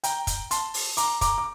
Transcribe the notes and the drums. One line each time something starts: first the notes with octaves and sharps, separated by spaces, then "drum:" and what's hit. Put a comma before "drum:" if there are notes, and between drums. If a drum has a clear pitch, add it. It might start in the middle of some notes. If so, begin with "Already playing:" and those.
G5 A#5, drum: hi-hat
drum: kick, hi-hat
A5 C6, drum: hi-hat
drum: open hi-hat
A#5 D6, drum: hi-hat
A#5 D6, drum: kick, hi-hat
D6